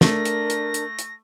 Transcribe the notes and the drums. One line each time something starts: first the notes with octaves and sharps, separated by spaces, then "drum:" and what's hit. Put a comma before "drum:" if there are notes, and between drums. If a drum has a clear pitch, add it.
A3 D4 A#4 A#6, drum: snare
drum: hi-hat
drum: hi-hat
drum: hi-hat
drum: hi-hat